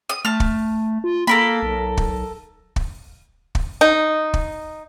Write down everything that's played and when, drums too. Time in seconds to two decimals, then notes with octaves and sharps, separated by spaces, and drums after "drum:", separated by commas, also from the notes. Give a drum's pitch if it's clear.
0.09 D#6
0.25 A3 A5 F6
0.40 drum: kick
1.04 F4
1.27 A#3 A4 A#4 B5
1.63 B1
1.97 drum: kick
2.76 drum: kick
3.55 drum: kick
3.81 D#4
4.34 drum: kick